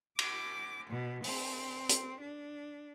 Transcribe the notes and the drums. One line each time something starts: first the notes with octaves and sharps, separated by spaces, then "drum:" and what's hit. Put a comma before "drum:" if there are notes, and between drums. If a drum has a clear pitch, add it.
D6, drum: cymbal
B2
C4, drum: open hi-hat
drum: hi-hat
D4